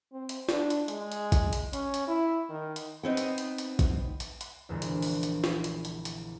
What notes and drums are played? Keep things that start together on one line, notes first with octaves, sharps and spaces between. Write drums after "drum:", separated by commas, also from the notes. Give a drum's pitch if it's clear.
C4
drum: hi-hat
D4, drum: snare
drum: hi-hat
G#3, drum: hi-hat
drum: hi-hat
drum: kick A1, hi-hat
drum: hi-hat
C#4, drum: hi-hat
drum: hi-hat
E4
D#3
drum: hi-hat
B3 C4 D#4
drum: hi-hat
drum: hi-hat
drum: hi-hat
drum: kick A1, hi-hat
drum: hi-hat
drum: hi-hat
A#1 E2 A#2 D3 G#3
drum: hi-hat
drum: open hi-hat
drum: hi-hat
drum: snare
drum: hi-hat
drum: hi-hat
drum: hi-hat